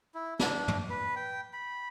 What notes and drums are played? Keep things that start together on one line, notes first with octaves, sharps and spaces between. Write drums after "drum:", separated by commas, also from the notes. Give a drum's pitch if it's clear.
E4
D4, drum: snare
drum: tom
B4
G5
B5